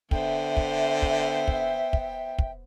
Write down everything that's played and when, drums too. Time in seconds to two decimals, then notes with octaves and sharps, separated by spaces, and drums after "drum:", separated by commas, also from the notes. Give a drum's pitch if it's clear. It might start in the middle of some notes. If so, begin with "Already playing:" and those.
0.11 D3 B3 C5 E5 G5, drum: kick
0.57 drum: kick
1.02 drum: kick
1.48 drum: kick
1.93 drum: kick
2.39 drum: kick